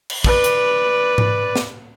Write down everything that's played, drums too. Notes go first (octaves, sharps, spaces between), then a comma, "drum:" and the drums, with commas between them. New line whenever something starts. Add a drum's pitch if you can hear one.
drum: cymbal
B4 D5, drum: kick
drum: hi-hat
drum: tom G#2
drum: snare